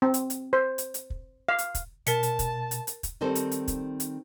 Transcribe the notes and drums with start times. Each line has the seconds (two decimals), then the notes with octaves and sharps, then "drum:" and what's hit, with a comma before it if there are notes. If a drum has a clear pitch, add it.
0.02 C4
0.14 drum: hi-hat
0.30 drum: hi-hat
0.53 C5
0.78 drum: hi-hat
0.94 drum: hi-hat
1.10 drum: kick
1.49 F5
1.58 drum: hi-hat
1.75 drum: kick, hi-hat
2.07 B2 A#4 A5 B6 C#7, drum: hi-hat
2.23 drum: hi-hat
2.39 drum: kick, hi-hat
2.71 drum: hi-hat
2.87 drum: hi-hat
3.03 drum: kick, hi-hat
3.21 D#3 G3 C4 A4 C5
3.35 drum: hi-hat
3.51 drum: hi-hat
3.68 drum: kick, hi-hat
4.00 drum: hi-hat